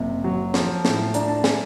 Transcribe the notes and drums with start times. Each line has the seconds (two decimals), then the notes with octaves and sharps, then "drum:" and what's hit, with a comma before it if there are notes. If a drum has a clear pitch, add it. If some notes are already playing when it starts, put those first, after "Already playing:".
Already playing: F#1 C3
0.24 F#3
0.54 F3, drum: snare
0.85 A2, drum: snare
1.14 D4 A#5, drum: hi-hat
1.29 A5
1.44 A3 G#5, drum: snare